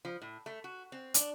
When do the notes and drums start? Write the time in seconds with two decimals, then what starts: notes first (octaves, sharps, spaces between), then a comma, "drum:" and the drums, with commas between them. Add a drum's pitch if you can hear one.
0.05 F3
0.22 A2
0.46 A3
0.64 F#4
0.92 C4
1.14 D4, drum: hi-hat